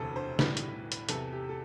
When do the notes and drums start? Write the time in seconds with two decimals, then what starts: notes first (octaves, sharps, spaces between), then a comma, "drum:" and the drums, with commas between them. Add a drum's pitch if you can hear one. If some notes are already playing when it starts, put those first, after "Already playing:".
Already playing: E1 D2 C3 E3 A4
0.16 C5
0.39 B1 A2 G3 B4, drum: snare
0.57 drum: hi-hat
0.92 drum: hi-hat
1.09 E2 C3 E3 A4, drum: hi-hat
1.32 G4
1.49 A4